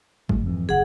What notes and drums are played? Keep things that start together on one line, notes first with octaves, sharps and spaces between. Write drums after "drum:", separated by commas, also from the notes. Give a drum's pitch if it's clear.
A2 G3 G#3, drum: kick F#1
F2 G#2 E3
F#1 G#4 F#5